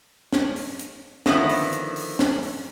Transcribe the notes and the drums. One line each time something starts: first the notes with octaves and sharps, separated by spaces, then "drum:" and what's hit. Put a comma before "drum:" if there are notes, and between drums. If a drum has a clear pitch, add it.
drum: snare
drum: open hi-hat
drum: hi-hat
D3 D#3 F3 B3 E4, drum: snare
drum: open hi-hat
drum: hi-hat
drum: open hi-hat
drum: snare
drum: open hi-hat